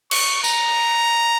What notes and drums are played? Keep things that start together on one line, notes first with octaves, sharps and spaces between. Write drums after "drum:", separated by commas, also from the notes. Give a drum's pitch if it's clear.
C#6, drum: cymbal
A#5, drum: tambourine